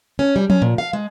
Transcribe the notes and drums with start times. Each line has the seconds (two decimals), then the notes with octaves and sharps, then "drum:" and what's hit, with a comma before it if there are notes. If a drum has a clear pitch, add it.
0.19 C#4
0.36 G3
0.50 C#4, drum: tom F3
0.62 A#2
0.78 F5
0.93 G#3